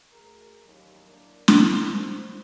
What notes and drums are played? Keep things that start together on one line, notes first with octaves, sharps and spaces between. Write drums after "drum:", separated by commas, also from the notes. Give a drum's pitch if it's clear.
D2 G#4 A#4
A1 D#2 F#3 G3
A#3 D4 E4
D3, drum: snare
F#4 C5